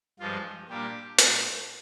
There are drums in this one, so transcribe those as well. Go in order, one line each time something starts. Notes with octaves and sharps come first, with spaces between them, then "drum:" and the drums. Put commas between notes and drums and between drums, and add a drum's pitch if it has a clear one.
G2 F3 G#3 F4
A#2 G3 A#3 D4 G4
A#2 G#3 D4, drum: hi-hat